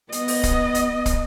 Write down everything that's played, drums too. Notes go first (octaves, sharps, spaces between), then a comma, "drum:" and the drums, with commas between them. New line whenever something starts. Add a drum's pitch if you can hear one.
B3 D#5, drum: hi-hat
drum: open hi-hat
drum: kick, hi-hat
drum: hi-hat
drum: kick, hi-hat